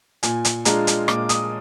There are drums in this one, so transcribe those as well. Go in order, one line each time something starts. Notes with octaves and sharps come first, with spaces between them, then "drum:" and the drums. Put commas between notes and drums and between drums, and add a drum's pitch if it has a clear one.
A#2 G#5, drum: hi-hat
drum: hi-hat
G#3 D4 F4 A#5, drum: hi-hat
drum: hi-hat
A#2 D6, drum: rim click
D#6, drum: hi-hat